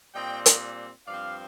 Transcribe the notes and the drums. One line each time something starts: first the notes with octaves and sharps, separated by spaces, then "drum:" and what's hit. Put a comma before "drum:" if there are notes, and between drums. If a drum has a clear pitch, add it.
A#2 G3 C4 D#5 G5
drum: hi-hat
G2 F3 C4 D5 F5